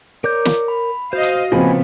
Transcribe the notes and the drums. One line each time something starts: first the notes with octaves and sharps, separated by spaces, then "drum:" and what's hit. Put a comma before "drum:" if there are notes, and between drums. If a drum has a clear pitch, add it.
A#4 C#5 D5 D6 G6
drum: snare
B5
F#4 C5 D#5 F5
drum: hi-hat
A#2 C#3 F3 B3 C4 D#5 G#5 B5